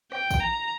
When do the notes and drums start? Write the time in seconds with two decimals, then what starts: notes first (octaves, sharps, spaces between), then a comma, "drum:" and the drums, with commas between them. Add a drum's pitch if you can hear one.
0.12 G5, drum: rim click
0.31 drum: kick, tambourine
0.40 A#5